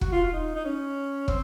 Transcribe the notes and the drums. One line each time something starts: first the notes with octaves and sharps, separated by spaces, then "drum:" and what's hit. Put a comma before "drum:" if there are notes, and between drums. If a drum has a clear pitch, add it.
F#4, drum: kick
F4
F4
D#4
D#4
C#4
C4, drum: kick